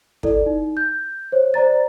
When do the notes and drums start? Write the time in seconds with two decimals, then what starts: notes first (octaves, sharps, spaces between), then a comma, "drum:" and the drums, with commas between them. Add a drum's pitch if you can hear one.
0.23 E4 A4 D5, drum: kick
0.46 D#4
0.77 G6
1.32 C5 C#5
1.54 C5 D5 A#5 A6